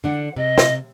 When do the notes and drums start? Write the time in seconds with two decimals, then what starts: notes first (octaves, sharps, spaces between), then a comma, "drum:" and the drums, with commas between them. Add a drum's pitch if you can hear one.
0.04 D3 D4 F#5
0.36 C3 D#5
0.58 drum: snare